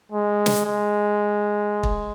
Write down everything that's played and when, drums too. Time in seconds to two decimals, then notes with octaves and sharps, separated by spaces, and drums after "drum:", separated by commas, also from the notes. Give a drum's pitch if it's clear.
0.12 G#3
0.46 drum: snare
0.66 G#3
1.83 drum: kick